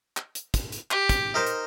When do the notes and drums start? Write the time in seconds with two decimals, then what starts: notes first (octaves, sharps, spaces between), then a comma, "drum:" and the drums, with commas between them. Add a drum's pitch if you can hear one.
0.17 drum: clap
0.35 drum: hi-hat
0.54 drum: kick, hi-hat
0.72 drum: hi-hat
0.91 G4, drum: clap
1.09 drum: kick, hi-hat
1.34 D#4 A#4 C5
1.47 drum: hi-hat